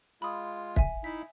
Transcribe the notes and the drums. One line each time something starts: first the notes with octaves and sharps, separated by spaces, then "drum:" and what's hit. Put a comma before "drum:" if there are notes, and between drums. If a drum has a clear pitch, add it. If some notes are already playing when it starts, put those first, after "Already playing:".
G#3 F4 B5 D#6
E5 G#5, drum: kick
D#4 E4 B6